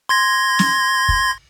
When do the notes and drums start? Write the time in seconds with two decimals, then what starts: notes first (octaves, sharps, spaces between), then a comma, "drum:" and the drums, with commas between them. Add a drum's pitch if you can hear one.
0.09 C6 G#6 A#6
0.59 drum: snare
1.09 drum: kick